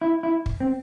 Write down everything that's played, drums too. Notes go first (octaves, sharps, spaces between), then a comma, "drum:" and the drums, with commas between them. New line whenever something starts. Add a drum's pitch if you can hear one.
E4
E4
drum: kick
C4